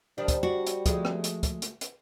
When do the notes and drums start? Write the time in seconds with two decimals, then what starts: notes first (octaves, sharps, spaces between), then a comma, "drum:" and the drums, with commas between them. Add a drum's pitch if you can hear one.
0.18 D#3 F3 G3 D4
0.28 drum: kick, hi-hat
0.43 D4 F#4
0.67 drum: hi-hat
0.86 F3 G#3 A3, drum: kick, hi-hat
1.05 drum: rim click
1.24 drum: hi-hat
1.43 drum: kick, hi-hat
1.62 drum: hi-hat
1.81 drum: hi-hat